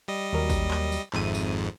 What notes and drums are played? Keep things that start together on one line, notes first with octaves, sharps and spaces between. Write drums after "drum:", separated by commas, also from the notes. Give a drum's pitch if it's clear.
G3 D#5
D#2 F#3 A#4
drum: kick G#1, tambourine
drum: clap
drum: tambourine
G#1 F2 G#2 E5 D#7, drum: clap
drum: tambourine